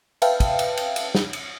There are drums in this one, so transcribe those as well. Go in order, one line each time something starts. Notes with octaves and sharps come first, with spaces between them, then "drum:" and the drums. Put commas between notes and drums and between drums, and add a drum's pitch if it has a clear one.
B4 E5 F5 G5 A5, drum: cymbal
drum: kick, cymbal
drum: cymbal
drum: cymbal
drum: cymbal
drum: snare
drum: cymbal